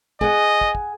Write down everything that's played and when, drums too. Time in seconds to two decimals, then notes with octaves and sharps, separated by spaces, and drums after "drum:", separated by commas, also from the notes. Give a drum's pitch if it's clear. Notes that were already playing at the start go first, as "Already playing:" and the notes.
0.21 G#4 D#5 F#5, drum: kick
0.61 drum: kick
0.75 drum: kick